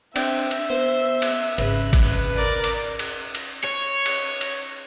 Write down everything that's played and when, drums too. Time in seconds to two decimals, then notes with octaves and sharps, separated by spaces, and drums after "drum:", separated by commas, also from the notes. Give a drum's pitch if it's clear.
0.16 C4 D4 E5, drum: cymbal
0.51 drum: cymbal
0.70 B3 C5
1.22 drum: cymbal
1.58 G#1 C#3 B4, drum: cymbal
1.93 drum: kick G#1, cymbal
2.37 A#4 D5
2.64 drum: cymbal
2.99 drum: cymbal
3.35 drum: cymbal
3.64 C#5
4.06 drum: cymbal
4.41 drum: cymbal